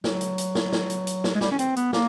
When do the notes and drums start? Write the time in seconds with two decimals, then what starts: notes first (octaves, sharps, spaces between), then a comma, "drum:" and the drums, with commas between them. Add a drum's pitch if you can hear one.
0.04 F#3, drum: snare
0.21 drum: hi-hat
0.38 drum: hi-hat
0.55 drum: snare
0.72 drum: snare
0.90 drum: hi-hat
1.07 drum: hi-hat
1.24 drum: snare
1.35 G#3
1.41 G3, drum: snare
1.51 C#4
1.59 C4, drum: hi-hat
1.76 B3, drum: hi-hat
1.93 A#3, drum: snare